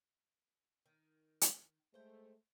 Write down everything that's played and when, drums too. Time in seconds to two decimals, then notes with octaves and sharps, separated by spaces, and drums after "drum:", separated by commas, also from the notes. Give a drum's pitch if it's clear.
0.86 D#3
1.41 drum: hi-hat
1.94 G#3 A3 C5 G5